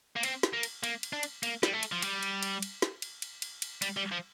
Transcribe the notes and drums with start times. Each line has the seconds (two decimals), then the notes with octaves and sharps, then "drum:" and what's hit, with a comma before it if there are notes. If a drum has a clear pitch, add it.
0.16 A#3
0.23 C4, drum: cymbal
0.43 drum: snare
0.53 A#3
0.63 drum: cymbal
0.84 A#3, drum: cymbal
1.03 drum: cymbal
1.13 D4
1.23 drum: cymbal
1.43 A#3, drum: cymbal
1.63 G3, drum: snare
1.73 A3
1.83 drum: cymbal
1.92 F3
2.02 G3, drum: cymbal
2.23 drum: cymbal
2.43 drum: cymbal
2.62 drum: cymbal
2.82 drum: snare
3.02 drum: cymbal
3.22 drum: cymbal
3.42 drum: cymbal
3.62 drum: cymbal
3.82 G3, drum: cymbal
3.97 G3
4.12 F3